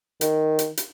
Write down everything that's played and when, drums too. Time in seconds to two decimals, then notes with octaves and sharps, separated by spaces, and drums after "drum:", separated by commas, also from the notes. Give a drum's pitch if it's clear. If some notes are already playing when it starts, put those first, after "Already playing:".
0.21 D#3, drum: hi-hat
0.59 drum: hi-hat
0.77 drum: hi-hat